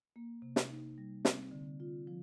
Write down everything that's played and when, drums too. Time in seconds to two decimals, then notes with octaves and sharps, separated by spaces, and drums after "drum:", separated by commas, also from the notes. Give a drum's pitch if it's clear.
0.16 A#3
0.42 C3
0.56 drum: snare
0.70 D#4
0.98 G3
1.25 C4, drum: snare
1.51 D3
1.80 F4
2.07 F3